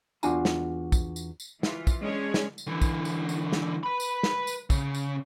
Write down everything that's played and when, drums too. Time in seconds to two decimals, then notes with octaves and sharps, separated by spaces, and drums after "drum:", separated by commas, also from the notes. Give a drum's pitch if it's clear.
0.23 E2 D4 F4 F#4 G#5 A#5, drum: tambourine
0.45 drum: snare
0.92 drum: kick, tambourine
1.16 drum: tambourine
1.40 drum: tambourine
1.63 E3 F4, drum: snare
1.87 drum: kick, tambourine
2.02 G#3 C#4 D4 G#4 C#5
2.34 drum: snare
2.58 drum: tambourine
2.67 D3 E3
2.82 drum: kick, tambourine
3.05 drum: tambourine
3.29 drum: tambourine
3.52 drum: snare
3.83 B4 B5
4.00 drum: tambourine
4.23 drum: snare
4.47 drum: tambourine
4.70 C#3, drum: kick, tambourine
4.94 drum: tambourine